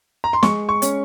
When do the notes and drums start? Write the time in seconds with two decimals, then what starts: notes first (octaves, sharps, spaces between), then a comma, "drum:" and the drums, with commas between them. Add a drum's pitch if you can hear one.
0.24 A#5
0.33 C6
0.43 G#3 C#6, drum: snare
0.69 C#6
0.82 C#4, drum: hi-hat